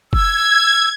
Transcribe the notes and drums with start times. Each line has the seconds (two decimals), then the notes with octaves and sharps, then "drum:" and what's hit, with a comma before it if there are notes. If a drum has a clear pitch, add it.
0.13 E6 G#6, drum: kick F#1